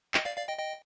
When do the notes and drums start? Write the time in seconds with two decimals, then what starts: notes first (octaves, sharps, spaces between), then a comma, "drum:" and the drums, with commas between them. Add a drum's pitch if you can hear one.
0.14 D#5 G5, drum: clap
0.25 D5 F5
0.37 D5 F5
0.48 D#5 G5
0.59 D#5 G5